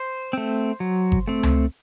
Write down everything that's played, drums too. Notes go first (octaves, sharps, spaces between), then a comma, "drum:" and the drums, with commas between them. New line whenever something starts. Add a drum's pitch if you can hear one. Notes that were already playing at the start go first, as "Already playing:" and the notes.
Already playing: C5
A3 C4
F#3
drum: kick G1
A3 C4
drum: tom C#2